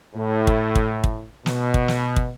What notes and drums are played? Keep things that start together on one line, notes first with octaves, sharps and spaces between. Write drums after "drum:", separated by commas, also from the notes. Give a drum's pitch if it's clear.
A2
drum: kick
drum: kick
drum: kick
B2, drum: snare
drum: kick
drum: snare
drum: kick